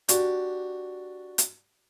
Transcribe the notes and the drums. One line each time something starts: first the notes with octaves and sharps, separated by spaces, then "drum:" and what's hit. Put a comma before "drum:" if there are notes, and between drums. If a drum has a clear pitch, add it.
D4 F#4 G4, drum: hi-hat
drum: hi-hat